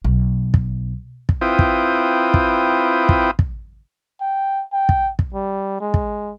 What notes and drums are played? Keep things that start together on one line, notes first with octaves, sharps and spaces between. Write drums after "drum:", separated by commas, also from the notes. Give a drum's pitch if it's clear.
B1
drum: kick
drum: kick
C4 E4 F4 B4 G5 D#6
drum: kick
drum: kick
drum: kick
drum: kick
G5
G5
drum: kick
drum: kick
G3
G#3
drum: kick